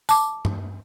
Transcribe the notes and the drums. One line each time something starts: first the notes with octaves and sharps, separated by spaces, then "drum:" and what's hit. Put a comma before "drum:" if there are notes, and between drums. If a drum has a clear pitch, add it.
A5 D6, drum: tambourine
drum: tom G2